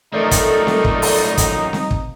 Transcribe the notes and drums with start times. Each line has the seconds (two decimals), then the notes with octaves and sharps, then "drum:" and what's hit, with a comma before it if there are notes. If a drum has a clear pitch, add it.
0.14 F#2 F3 A3 D#4 A#4 D5
0.31 drum: kick, hi-hat
0.67 drum: snare C4
0.84 drum: kick
1.02 drum: open hi-hat
1.38 drum: kick, hi-hat
1.73 drum: snare C4
1.91 drum: kick